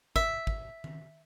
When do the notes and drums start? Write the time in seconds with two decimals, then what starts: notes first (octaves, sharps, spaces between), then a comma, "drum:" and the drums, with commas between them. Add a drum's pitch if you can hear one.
0.16 E5, drum: kick
0.47 drum: kick
0.84 drum: tom D#3